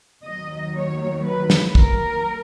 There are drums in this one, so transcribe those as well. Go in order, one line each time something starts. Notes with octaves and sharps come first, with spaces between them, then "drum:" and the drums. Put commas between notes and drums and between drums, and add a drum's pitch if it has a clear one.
D#2 D#3 F#3 D#5
C#5
B4
drum: snare
A#4, drum: kick